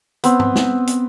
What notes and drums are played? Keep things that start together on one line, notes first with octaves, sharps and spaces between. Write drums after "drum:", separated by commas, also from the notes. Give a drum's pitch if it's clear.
B3 C4, drum: hi-hat
drum: tom
drum: snare
drum: hi-hat